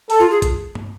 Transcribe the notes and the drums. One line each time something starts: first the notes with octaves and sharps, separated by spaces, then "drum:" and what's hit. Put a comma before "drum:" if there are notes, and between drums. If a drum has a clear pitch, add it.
A4, drum: open hi-hat
F4
G#4
drum: kick, hi-hat
drum: tom